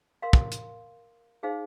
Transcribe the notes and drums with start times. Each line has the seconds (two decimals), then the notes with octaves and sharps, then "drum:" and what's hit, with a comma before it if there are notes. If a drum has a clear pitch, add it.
0.22 A#4 F5 C6
0.33 drum: kick
0.52 drum: hi-hat
1.43 D#4 G#4 C5 F5